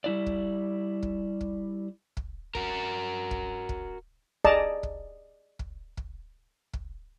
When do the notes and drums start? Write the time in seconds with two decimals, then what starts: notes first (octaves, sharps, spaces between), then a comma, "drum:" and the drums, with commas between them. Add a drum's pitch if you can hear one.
0.04 G3 E4 D5
0.26 drum: kick
1.03 drum: kick
1.41 drum: kick
2.17 drum: kick
2.55 F#4 A#4, drum: kick
3.31 drum: kick
3.69 drum: kick
4.44 G#4 D5 D#5 A5 A#5, drum: kick
4.83 drum: kick
5.59 drum: kick
5.97 drum: kick
6.73 drum: kick